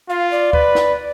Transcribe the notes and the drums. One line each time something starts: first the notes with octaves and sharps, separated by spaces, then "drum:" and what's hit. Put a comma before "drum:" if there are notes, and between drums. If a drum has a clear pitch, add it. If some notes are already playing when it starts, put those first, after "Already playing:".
F4 F5
D5
B4, drum: kick D2
drum: snare